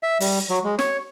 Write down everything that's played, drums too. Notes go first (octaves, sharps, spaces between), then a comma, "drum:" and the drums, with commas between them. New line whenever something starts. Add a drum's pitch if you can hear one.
E5
G3, drum: open hi-hat
F#3
G#3
C#5, drum: snare